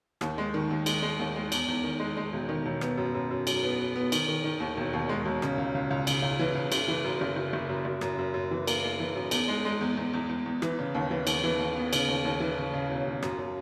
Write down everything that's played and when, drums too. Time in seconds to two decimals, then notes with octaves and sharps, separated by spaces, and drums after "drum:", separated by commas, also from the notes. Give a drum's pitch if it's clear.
0.21 D#2, drum: rim click
0.38 G#3
0.54 D#3
0.70 D#2
0.86 G#3, drum: cymbal
1.02 G#3
1.19 D#2
1.36 G#3
1.52 E2, drum: cymbal
1.68 E2
1.84 D#3
2.00 G#3
2.17 G#3
2.33 E1
2.49 D#3
2.66 E1
2.81 B3, drum: rim click
2.97 F#2
3.14 F#2
3.31 F#2
3.47 F#3, drum: cymbal
3.63 B3
3.79 B3
3.96 B3
4.12 D#3, drum: cymbal
4.28 D#3
4.44 D#3
4.60 D#2
4.77 E1
4.93 D#2
5.09 G#3
5.26 E1
5.42 C#3, drum: rim click
5.58 C#2
5.75 C#2
5.91 C#2
6.07 C#3, drum: cymbal
6.22 C#2
6.39 E3
6.55 C#2
6.72 F#1, drum: cymbal
6.88 E3
7.04 F#2
7.21 F#1
7.36 F#1
7.53 F#1
7.69 F#2
7.85 F#1
8.01 F#2, drum: rim click
8.18 F#2
8.34 F#2
8.51 E3
8.67 A#3, drum: cymbal
8.84 A#3
9.00 E3
9.15 F#2
9.31 E2, drum: cymbal
9.48 G#3
9.65 G#3
9.81 E2
9.97 E2
10.13 E2
10.29 E2
10.46 E2
10.62 E3, drum: rim click
10.79 C#3
10.95 D#2
11.11 E3
11.27 D#2, drum: cymbal
11.43 E3
11.59 D#2
11.76 B3
11.93 C#3, drum: cymbal
12.08 D#2
12.25 D#2
12.40 E3
12.57 C#3
12.73 C#3
12.90 E1
13.06 D#2
13.22 F#2, drum: rim click
13.38 F#3